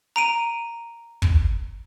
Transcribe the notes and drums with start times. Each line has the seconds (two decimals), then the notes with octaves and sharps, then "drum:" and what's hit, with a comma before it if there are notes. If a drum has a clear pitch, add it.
0.16 A#5 D7 D#7
1.22 drum: kick